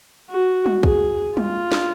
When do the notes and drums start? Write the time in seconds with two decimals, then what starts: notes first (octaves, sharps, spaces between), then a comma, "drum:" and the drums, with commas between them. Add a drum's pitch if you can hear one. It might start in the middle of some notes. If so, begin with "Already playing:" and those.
0.30 F#4
0.66 drum: tom G3
0.83 G#4, drum: kick
1.37 F4, drum: tom G3
1.72 drum: snare